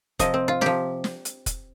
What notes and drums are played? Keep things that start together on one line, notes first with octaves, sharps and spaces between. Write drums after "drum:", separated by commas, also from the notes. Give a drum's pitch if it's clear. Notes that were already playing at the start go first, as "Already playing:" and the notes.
C3 F3 D#5, drum: kick F1, hi-hat
C4
F4
C3 F3 G4, drum: snare
drum: snare
drum: hi-hat
drum: kick F1, hi-hat